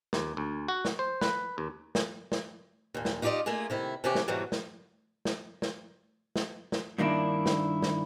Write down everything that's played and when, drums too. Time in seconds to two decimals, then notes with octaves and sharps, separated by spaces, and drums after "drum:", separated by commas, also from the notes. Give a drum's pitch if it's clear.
0.13 D#2, drum: snare
0.37 D2
0.68 F#4
0.85 drum: snare
0.99 C5
1.21 B4, drum: snare
1.58 D#2
1.95 drum: snare
2.32 drum: snare
2.94 D#2 A#2
3.05 drum: snare
3.22 D#4 F4 G4 G#4 D5 D#5
3.46 A3 A#3 F4 G#4
3.70 C3 D#3 E4
4.04 C3 D#3 E3 C#4 G4
4.15 drum: snare
4.28 G#2 B2 E3 F#3 G3 A3
4.52 drum: snare
5.25 drum: snare
5.62 drum: snare
6.36 drum: snare
6.72 drum: snare
6.98 G2 D#3 A#3 D4 E4
7.46 drum: snare
7.82 drum: snare